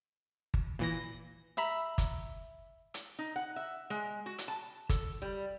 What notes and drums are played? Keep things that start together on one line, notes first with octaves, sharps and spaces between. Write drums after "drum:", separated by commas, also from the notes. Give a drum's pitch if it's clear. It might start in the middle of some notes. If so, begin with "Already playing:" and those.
drum: kick G1
A#2 E3 A#6
E5 A#5 B5
drum: kick G1, hi-hat
drum: hi-hat
D#4
F#5
E5
G#3
F#4
drum: hi-hat
A5
A4, drum: kick G1, hi-hat
G3